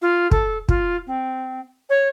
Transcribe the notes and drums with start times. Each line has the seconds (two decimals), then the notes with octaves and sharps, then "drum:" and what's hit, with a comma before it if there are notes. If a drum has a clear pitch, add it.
0.02 F4
0.31 A4, drum: kick
0.69 F4, drum: kick
1.07 C4
1.90 C#5